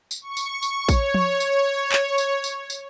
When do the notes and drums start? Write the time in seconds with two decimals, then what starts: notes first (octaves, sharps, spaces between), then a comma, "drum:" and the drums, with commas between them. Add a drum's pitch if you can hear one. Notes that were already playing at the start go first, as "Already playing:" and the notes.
0.11 drum: tambourine
0.21 C#6
0.37 drum: tambourine
0.63 drum: tambourine
0.89 C#5, drum: kick, tambourine
1.14 drum: tom F3
1.40 drum: tambourine
1.92 drum: clap
2.18 drum: tambourine
2.44 drum: tambourine
2.70 drum: tambourine